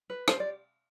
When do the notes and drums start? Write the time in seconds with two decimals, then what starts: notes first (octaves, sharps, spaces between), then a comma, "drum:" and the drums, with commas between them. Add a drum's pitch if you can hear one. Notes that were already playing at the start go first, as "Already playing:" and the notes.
0.10 B4
0.28 G4 C5, drum: rim click
0.40 D5